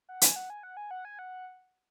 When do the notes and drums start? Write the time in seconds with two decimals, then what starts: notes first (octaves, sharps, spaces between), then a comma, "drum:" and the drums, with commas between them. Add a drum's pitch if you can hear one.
0.09 F#5
0.21 G#5, drum: hi-hat
0.36 F#5
0.50 G#5
0.63 F#5
0.77 G#5
0.91 F#5
1.05 G#5
1.19 F#5